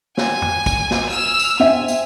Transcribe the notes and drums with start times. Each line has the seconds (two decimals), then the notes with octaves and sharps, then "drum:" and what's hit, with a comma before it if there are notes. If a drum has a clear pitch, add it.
0.17 G#5, drum: snare
0.42 drum: tom
0.66 drum: kick, tambourine
0.91 drum: snare
1.10 E6 F6
1.39 drum: tambourine
1.60 C4 E5 G#5
1.88 drum: tambourine